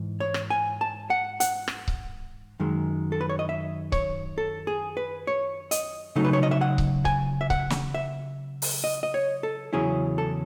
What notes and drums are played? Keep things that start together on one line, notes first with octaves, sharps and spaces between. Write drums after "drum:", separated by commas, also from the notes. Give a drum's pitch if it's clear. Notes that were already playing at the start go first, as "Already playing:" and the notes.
Already playing: G#2 E3
C#5
drum: rim click
G#5
A5
F#5
F#5, drum: hi-hat
drum: rim click
drum: kick C#1
F#2 D#3 G#3
A4
B4
C#5
D#5
E5
C#5, drum: kick C#1
A4
G#4
B4
C#5
D#5, drum: hi-hat
C#3 F#3 A3 D#4
B4
C#5
D#5
E5
F#5
drum: kick C#1
G#5, drum: kick C#1
E5
F#5, drum: kick C#1
drum: snare
E5
drum: open hi-hat
D#5
D#5
C#5
A4
E2 C#3 F#3 C#4 E4 G#4
A4